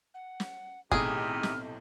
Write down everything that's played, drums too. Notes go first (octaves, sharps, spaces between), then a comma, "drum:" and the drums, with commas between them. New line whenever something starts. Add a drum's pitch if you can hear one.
F#5
drum: snare
B1 A2 C3 D#3 E4 G4 G#4 F6, drum: kick
drum: snare